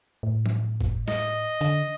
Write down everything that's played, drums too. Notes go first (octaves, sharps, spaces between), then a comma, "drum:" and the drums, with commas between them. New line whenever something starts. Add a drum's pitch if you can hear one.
A2
drum: tom F3
drum: kick
D#5, drum: snare
D3, drum: hi-hat